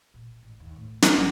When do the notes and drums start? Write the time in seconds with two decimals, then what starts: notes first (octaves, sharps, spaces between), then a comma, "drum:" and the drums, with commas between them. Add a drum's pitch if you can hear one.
0.14 A#2
0.43 A1
0.60 D#2 D#3
0.76 A2
1.02 drum: snare
1.16 G1